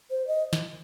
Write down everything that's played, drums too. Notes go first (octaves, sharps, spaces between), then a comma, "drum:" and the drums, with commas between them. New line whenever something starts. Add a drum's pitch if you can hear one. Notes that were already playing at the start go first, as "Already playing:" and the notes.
C5
D#5
drum: snare